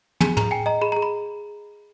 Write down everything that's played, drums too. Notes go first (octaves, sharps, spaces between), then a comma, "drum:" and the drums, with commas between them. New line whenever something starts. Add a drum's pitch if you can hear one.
G#4 G#5, drum: tom
G#4 A#5, drum: tom
G5 G#5
D#5 A#5
G#4 B5
G#4 A#5
B5